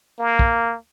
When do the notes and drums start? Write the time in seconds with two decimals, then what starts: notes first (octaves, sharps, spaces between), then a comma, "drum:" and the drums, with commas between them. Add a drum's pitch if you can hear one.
0.19 A#3
0.39 drum: kick